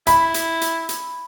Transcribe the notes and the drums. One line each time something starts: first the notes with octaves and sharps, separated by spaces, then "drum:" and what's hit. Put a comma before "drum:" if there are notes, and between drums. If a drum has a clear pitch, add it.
E4 B5, drum: hi-hat
drum: hi-hat
drum: hi-hat
drum: hi-hat